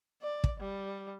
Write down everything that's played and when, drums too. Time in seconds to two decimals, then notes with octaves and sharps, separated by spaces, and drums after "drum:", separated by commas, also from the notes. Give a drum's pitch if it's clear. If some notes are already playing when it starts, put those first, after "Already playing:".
0.22 D5
0.44 drum: kick
0.60 G3